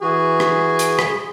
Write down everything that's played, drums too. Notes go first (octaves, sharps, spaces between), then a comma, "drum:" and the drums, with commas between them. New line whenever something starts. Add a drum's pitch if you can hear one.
E3 F#4 G#4
drum: rim click
drum: hi-hat
drum: rim click